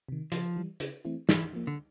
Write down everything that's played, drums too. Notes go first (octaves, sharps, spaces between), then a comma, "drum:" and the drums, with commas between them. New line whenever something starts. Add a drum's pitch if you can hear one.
C3 D#3
C#3 F3, drum: hi-hat
E3 G3
C#3, drum: hi-hat
E3 A3 C4 E4
G#2 E3, drum: snare
F3 A#3
D3